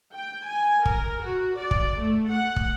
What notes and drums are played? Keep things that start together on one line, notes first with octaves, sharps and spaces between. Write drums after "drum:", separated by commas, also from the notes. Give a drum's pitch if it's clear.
G5
G#5
A#4, drum: kick
F#4
D5
drum: kick
A3
F#5
drum: kick